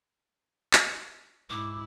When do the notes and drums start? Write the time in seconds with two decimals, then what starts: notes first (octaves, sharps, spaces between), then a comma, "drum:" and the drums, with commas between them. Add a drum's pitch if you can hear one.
0.73 drum: clap
1.50 G#2 E4 D6